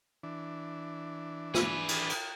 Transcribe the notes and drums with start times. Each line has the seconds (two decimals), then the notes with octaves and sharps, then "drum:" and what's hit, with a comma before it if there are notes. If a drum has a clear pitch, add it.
0.23 E3 D4
1.54 G#4 B4, drum: snare
1.89 drum: cymbal
2.10 drum: cymbal